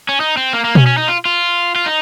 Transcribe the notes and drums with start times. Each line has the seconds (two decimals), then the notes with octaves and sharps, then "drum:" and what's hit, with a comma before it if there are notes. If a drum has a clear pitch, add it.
0.09 C#4
0.20 D#4
0.37 C4
0.53 A#3
0.64 A#3
0.75 C#4, drum: tom B2
0.86 C#4
0.98 D#4
1.08 F4
1.25 F4
1.75 F4
1.86 D#4